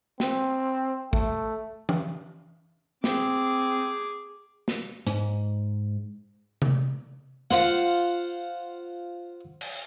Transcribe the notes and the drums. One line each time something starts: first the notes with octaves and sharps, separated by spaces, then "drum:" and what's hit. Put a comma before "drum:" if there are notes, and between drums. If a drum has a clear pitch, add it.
C4, drum: snare
A3, drum: kick A1
drum: tom E3
C4 G#4 D6, drum: snare
drum: snare
G#2, drum: hi-hat
drum: tom C3
F4 C5 F#5, drum: snare
drum: cymbal